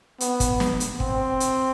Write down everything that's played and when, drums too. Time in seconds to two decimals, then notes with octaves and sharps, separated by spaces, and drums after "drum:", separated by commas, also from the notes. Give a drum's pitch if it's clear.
0.20 B3, drum: hi-hat
0.40 drum: kick, hi-hat
0.60 drum: snare
0.80 drum: hi-hat
1.00 C4, drum: kick
1.40 drum: hi-hat